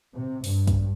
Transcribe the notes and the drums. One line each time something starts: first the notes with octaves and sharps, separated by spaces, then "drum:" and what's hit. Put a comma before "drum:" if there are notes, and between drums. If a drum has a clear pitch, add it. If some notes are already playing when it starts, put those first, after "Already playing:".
C3
G2, drum: open hi-hat
drum: kick, hi-hat